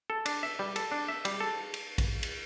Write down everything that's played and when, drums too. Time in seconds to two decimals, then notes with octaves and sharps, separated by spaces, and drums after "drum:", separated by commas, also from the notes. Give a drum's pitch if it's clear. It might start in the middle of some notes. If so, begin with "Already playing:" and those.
0.10 A4
0.26 D4, drum: cymbal
0.43 E5
0.59 G3
0.76 A4, drum: cymbal
0.91 D4
1.08 E5
1.25 G3, drum: cymbal
1.40 A4
1.74 drum: cymbal
1.98 drum: kick A1, cymbal
2.23 drum: cymbal